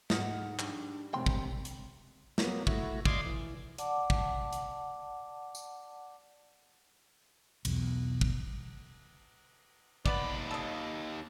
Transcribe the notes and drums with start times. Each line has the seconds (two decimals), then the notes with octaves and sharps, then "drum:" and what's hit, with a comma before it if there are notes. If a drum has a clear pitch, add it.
0.10 G#2 F#5 D#6 F6, drum: snare
0.59 G3 D4, drum: clap
1.14 E1 C3 G#3 C4 G5 C6
1.26 drum: kick
1.65 drum: hi-hat
2.38 F#3 A#3 B3, drum: snare
2.67 A3 E4 F#4, drum: kick
3.05 D5 D#5 F5 C6 D6 G#6, drum: kick
3.26 E3
3.78 D5 F#5 A5 D6, drum: hi-hat
4.10 drum: kick
4.53 drum: hi-hat
5.55 drum: tambourine
7.65 B1 E2, drum: cymbal
8.21 drum: kick
10.06 D#2 B3 D5 B5, drum: kick
10.51 A4 D#5